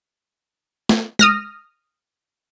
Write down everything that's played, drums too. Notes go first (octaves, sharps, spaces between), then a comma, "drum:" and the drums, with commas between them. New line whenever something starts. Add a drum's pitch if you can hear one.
drum: snare
D#6 F6 A#6, drum: tom G#3